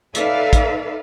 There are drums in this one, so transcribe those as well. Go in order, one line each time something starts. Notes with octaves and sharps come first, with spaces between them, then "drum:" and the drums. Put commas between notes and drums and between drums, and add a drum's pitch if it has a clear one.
D#4 A4 B4 D5 E5 F5, drum: hi-hat
drum: kick, hi-hat